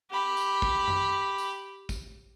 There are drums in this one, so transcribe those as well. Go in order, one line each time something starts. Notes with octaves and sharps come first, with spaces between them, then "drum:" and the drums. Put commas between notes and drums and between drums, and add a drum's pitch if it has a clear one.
G4 B5
drum: tambourine
drum: kick
drum: tom F#2
drum: tambourine
drum: kick, tambourine